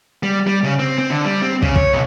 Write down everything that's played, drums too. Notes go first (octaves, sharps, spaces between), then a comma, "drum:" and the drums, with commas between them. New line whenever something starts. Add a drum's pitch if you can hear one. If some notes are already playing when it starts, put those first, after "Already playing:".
G3
G3
C#3
C4
C4
D3
G3
C4
C#3, drum: kick
C#5, drum: kick
B1